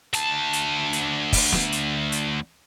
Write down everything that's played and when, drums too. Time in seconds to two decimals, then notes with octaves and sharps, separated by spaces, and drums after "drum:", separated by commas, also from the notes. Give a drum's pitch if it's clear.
0.13 D2 A5, drum: hi-hat
0.53 drum: hi-hat
0.93 drum: hi-hat
1.33 drum: kick, open hi-hat
1.52 drum: snare
1.72 drum: hi-hat
2.12 drum: hi-hat